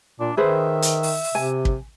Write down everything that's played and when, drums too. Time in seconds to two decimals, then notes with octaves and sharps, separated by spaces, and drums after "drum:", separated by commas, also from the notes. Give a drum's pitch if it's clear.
0.20 A#2 D4
0.37 D#3 G#4 B4 C5 E5
0.82 drum: hi-hat
1.03 drum: open hi-hat
1.24 drum: open hi-hat
1.35 C3 G#5
1.65 drum: kick